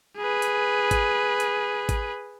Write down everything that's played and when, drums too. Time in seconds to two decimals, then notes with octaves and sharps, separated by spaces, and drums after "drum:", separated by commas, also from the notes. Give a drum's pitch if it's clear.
0.18 G#4 B4
0.42 drum: hi-hat
0.91 drum: kick G#1, hi-hat
1.40 drum: hi-hat
1.89 drum: kick G#1, hi-hat